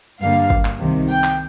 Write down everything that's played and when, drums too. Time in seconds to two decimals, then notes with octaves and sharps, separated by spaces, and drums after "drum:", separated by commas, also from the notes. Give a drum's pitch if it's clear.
0.21 G2 D3 G3 A#3 F5
0.50 drum: kick
0.65 drum: clap
0.79 C2 C3 D#3
1.09 G5
1.24 drum: clap